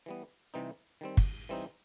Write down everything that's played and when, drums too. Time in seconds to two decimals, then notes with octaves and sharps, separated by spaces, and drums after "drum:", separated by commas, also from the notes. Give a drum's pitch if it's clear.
0.06 E3 G3 B3
0.54 C3 E3 G3 C4 D#4
1.01 D#3 G3 C4
1.17 drum: kick
1.49 E3 G3 C4 D#4